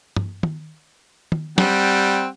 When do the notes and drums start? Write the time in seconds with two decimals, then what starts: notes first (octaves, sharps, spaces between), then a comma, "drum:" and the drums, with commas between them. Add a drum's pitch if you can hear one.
0.16 drum: tom
0.43 drum: tom
1.32 drum: tom
1.58 G3 C4 F#5, drum: snare